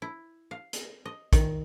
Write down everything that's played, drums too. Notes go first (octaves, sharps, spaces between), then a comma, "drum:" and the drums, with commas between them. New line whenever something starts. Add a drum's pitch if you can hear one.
E4
F5
drum: hi-hat
D#5
D#3, drum: kick, hi-hat